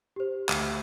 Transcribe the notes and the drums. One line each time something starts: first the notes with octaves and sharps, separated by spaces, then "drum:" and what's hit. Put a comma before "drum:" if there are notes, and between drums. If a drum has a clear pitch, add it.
G4 C5
D2, drum: clap